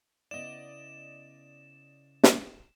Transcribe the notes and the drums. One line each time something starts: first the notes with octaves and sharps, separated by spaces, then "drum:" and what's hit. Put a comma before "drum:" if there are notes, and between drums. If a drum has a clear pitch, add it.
C#3 B3 E4 D5 D#5 E7
drum: snare